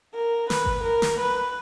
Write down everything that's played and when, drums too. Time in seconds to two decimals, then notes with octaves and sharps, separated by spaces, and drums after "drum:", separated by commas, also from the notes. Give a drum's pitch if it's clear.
0.14 A#4
0.50 B4, drum: snare
0.65 drum: kick G#1
0.83 A#4
1.02 drum: snare
1.19 B4